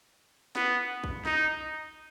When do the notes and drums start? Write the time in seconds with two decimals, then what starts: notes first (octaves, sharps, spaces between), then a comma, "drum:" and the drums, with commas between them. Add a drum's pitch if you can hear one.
0.56 B3, drum: snare
1.04 drum: kick
1.25 D#4, drum: snare